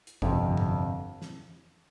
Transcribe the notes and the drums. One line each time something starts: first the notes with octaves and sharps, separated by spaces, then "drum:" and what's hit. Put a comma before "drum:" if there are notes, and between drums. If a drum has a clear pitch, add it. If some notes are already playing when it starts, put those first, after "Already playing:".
drum: hi-hat
G1 F2 C3 F3, drum: kick
drum: tom G#2
drum: snare